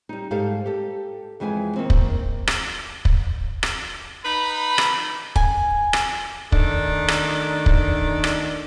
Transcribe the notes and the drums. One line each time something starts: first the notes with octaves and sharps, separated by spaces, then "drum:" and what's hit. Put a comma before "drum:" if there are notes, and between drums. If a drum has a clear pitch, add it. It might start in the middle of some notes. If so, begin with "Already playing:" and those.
G3 D#4
G#2 G3 G4 A4 F5 A5
G4 A4
F2 E3 G#3 E4 G5 G#5
D#3 A#3 C4
drum: kick
drum: rim click
drum: kick
drum: rim click
D#4 B4 B5
drum: rim click
G#5, drum: kick
drum: rim click
D#3 A3 D4, drum: kick
drum: rim click
drum: kick
drum: rim click